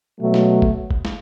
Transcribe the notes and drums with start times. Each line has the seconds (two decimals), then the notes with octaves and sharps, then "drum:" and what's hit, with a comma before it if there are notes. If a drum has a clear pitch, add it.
0.20 B2 F#3 A3
0.34 drum: snare
0.62 drum: kick G1
0.91 drum: kick G1
1.05 drum: snare